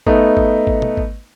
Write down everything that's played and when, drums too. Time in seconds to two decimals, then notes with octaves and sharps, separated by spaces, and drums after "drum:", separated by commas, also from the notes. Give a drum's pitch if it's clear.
0.06 A3 B3 D#4, drum: kick G#1
0.37 drum: kick G#1
0.67 drum: kick G#1
0.82 drum: tom
0.97 drum: kick G#1